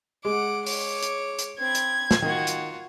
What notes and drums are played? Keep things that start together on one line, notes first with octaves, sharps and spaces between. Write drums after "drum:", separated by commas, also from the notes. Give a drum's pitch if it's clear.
G#3 F#5 D6
C#5 D6, drum: open hi-hat
drum: hi-hat
drum: hi-hat
C4 B5 G#6
drum: hi-hat
drum: snare
D#3 F4 F#4
drum: hi-hat